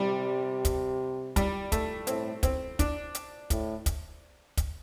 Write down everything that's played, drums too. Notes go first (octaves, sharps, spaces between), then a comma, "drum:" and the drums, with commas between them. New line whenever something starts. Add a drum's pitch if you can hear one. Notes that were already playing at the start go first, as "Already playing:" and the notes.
Already playing: C3 G3
drum: kick, hi-hat
G3, drum: kick, hi-hat
A3, drum: kick, hi-hat
A2 C4, drum: hi-hat
C4, drum: kick, hi-hat
D4, drum: kick, hi-hat
drum: hi-hat
A2, drum: kick, hi-hat
drum: kick, hi-hat
drum: kick, hi-hat